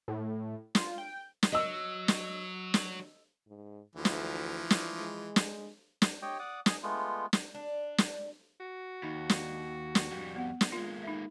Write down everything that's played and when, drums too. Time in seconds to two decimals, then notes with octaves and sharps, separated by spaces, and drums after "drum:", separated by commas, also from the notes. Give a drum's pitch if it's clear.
0.08 A2
0.75 F4, drum: snare
0.98 G5
1.43 drum: snare
1.53 F#3 D#5 E6
2.08 drum: snare
2.74 drum: snare
3.48 G#2
3.96 D2 E3 F3
4.05 drum: snare
4.70 drum: snare
4.98 G#3
5.36 drum: snare
6.02 drum: snare
6.22 G4 C#5 D#5 G5
6.39 D5 F#5 D6 D#6
6.66 D#5 G#5, drum: snare
6.83 G#3 A3 B3 F4
7.33 drum: snare
7.55 D4
7.98 drum: snare
8.60 F#4
9.03 D#2 D#4
9.29 drum: snare
9.95 drum: snare
10.11 F2 G3
10.36 B3 F#5
10.61 drum: snare
10.72 G#3 A#3 F4
11.03 D#4 E5